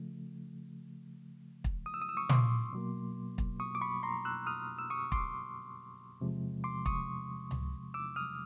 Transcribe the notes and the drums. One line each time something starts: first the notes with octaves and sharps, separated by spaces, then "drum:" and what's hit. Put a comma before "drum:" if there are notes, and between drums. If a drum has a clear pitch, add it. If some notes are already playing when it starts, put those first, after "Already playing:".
Already playing: C#3 F3 A3
drum: kick
D#6
E6
D#6
E6
C#6 D#6
C6 D6, drum: tom
B2 F#3 A#3
drum: kick
C#6 D#6
D6
B5 C#6
A#5 C6
E6 F#6
D#6 F6
E6
C#6 D#6
C6 D6, drum: kick
E2 C3 F3 G#3
C6 D6
C#6 D#6, drum: kick
drum: tom C#2
D6 E6
D#6 F6